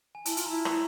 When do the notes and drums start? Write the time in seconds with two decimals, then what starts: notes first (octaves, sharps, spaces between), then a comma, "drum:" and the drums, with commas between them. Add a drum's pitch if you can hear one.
0.15 G#5
0.25 E4 A5, drum: hi-hat
0.37 F4, drum: hi-hat
0.46 E4 A#5
0.65 A#5, drum: rim click